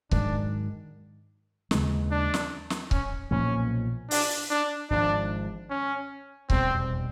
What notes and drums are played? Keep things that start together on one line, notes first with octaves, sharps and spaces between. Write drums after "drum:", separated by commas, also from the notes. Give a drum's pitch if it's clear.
G#2 D#3 F#3 D4, drum: kick C#1
D#2 C#3 E3 G#3, drum: snare
D4
drum: snare
drum: snare
C#4, drum: kick C#1
B1 A#2 F3 A#3 C#4
D4, drum: open hi-hat
D4
G#1 G#2 F3 D4
C#4
F1 E2 B2 G3 C4, drum: kick C#1